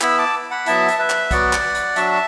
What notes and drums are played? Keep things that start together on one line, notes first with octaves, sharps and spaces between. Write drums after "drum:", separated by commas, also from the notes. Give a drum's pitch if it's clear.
B3 E4 B5 E6, drum: clap
A5 D6
F#5 B5
F#3 B3 E4 E5 A5, drum: hi-hat
drum: hi-hat
B4 E5
drum: clap
F#3 B3 F#4 D5 F#5, drum: kick, hi-hat
drum: clap
drum: hi-hat
F#3 D4 F#4 E5 A5, drum: hi-hat